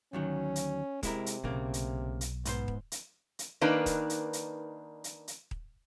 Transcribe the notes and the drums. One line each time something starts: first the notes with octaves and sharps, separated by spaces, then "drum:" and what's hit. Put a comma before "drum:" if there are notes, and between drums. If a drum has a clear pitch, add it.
D2 D#3 F#3 C#4
drum: hi-hat
C3 G#3 E4 A#4, drum: kick D#1, hi-hat
drum: hi-hat
B1 C#3 A#3
drum: hi-hat
drum: hi-hat
G#2 B3 B4 C5, drum: hi-hat
drum: kick D#1
drum: hi-hat
drum: hi-hat
D#3 A#3 D4 D#4 B4
drum: kick D#1, hi-hat
drum: hi-hat
drum: hi-hat
drum: hi-hat
drum: hi-hat
drum: kick D#1